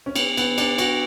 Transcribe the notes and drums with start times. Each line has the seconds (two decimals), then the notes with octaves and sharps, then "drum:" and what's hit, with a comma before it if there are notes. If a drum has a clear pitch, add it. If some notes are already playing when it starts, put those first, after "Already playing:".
0.06 C#4
0.16 B3, drum: cymbal
0.37 B3, drum: cymbal
0.58 D4, drum: cymbal
0.78 F#4, drum: cymbal